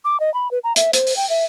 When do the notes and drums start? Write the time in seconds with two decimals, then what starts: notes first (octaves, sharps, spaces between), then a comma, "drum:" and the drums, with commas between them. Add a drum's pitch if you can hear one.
0.05 D6
0.20 D#5
0.34 B5
0.51 B4
0.64 A#5
0.76 E5, drum: hi-hat
0.93 C5, drum: hi-hat
1.07 drum: open hi-hat
1.17 G5
1.30 E5